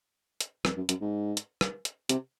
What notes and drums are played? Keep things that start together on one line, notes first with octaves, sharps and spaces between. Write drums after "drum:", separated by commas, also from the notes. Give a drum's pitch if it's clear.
drum: hi-hat
F2, drum: rim click
F#2
F#2, drum: hi-hat
G#2
drum: hi-hat
drum: rim click
drum: hi-hat
C3, drum: hi-hat